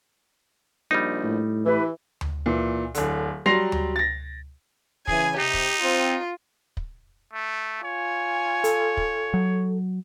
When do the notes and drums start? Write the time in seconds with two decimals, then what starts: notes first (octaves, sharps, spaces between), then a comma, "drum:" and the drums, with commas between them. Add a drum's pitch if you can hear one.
0.91 A#1 G3 D#4
1.23 A2
1.65 E3 E4 G4 B4
2.21 drum: tom D2
2.46 A#2 E3
2.95 D1 D3, drum: hi-hat
3.46 F#3 G3 C6 A#6 C7 F7
3.72 drum: tom D2
3.96 A6 A#6
5.08 C#3 E3 G#4 G#5, drum: kick
5.38 C3 D#4 G4
5.54 drum: kick
5.83 C4 F4
6.77 drum: kick
7.33 A3
7.83 F4 C#5 G#5
8.64 A4, drum: hi-hat
8.97 drum: kick
9.34 F#3